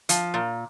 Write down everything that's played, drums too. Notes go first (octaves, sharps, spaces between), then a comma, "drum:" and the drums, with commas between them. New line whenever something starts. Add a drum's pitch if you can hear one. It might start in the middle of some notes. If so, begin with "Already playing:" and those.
F3, drum: hi-hat
A#2